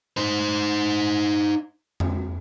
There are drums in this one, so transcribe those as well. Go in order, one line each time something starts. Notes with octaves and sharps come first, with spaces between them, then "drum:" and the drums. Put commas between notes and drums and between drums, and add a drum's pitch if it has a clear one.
D#4 C5
drum: tom F2